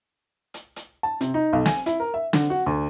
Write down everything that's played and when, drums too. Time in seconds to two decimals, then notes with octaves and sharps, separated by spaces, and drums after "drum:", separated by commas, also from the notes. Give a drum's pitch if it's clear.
0.54 drum: hi-hat
0.76 drum: hi-hat
1.03 A5
1.21 C3, drum: hi-hat
1.34 D#4
1.53 B1
1.66 G#5, drum: snare
1.86 E4, drum: hi-hat
2.00 A#4
2.14 E5
2.33 D3, drum: snare
2.50 F#4
2.66 D2